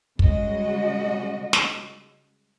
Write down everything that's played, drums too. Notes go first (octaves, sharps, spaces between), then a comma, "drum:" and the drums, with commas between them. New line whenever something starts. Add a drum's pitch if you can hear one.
C#3 G3 G#3 F#4 D#5, drum: kick
drum: snare